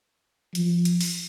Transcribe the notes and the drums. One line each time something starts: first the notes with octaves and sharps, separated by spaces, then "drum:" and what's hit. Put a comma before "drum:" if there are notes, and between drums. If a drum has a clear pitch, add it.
F3, drum: hi-hat
drum: hi-hat
drum: open hi-hat